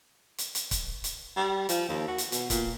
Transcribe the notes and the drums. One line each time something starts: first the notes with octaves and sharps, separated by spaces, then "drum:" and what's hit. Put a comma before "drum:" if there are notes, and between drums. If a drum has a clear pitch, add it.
drum: hi-hat
drum: hi-hat
drum: kick C#1, hi-hat
drum: hi-hat
G3
F3, drum: hi-hat
D#2
F#4
drum: hi-hat
B2, drum: hi-hat
A#2, drum: kick C#1, hi-hat